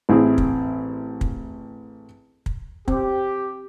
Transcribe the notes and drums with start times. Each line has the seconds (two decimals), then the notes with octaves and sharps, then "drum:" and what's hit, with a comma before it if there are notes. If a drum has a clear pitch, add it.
0.09 A1 C4 E4 G#4
0.38 drum: kick
1.21 drum: kick
2.46 drum: kick
2.88 C4 G4, drum: kick